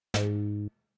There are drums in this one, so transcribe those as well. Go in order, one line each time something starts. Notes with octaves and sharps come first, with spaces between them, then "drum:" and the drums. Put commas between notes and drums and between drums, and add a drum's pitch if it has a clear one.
G#2, drum: snare